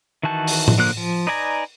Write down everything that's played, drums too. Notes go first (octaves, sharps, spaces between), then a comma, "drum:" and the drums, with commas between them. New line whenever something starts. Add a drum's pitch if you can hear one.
D#3 E3 F#4 A5 G6
drum: open hi-hat
drum: tom A2
D3 F3 A#3 F#6
F3
D#4 B4 D5 G#5 A#5